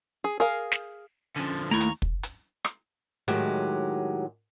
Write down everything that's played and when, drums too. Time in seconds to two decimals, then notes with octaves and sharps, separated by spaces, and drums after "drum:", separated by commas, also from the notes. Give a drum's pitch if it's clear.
0.24 G#4
0.40 G#4 A#4 F5
0.72 drum: snare
1.36 D3 F3 C#4
1.71 D#2 A3 E4 A#5 C#6
1.81 drum: hi-hat
2.02 drum: kick
2.23 drum: hi-hat
2.65 drum: rim click
3.28 A2 D#3 F#3 G#3 G4 F#5, drum: hi-hat